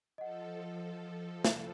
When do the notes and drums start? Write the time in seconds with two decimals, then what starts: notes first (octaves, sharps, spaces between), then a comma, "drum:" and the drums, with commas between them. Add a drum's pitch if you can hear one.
0.18 F3 A4 D#5 F#5
1.45 drum: snare